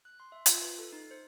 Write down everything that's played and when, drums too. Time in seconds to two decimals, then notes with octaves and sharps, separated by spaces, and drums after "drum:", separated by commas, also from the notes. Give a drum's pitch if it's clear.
0.05 F#6
0.20 C6
0.32 E5
0.46 F4, drum: hi-hat
0.62 B4
0.78 A4
0.92 D#4
1.11 C5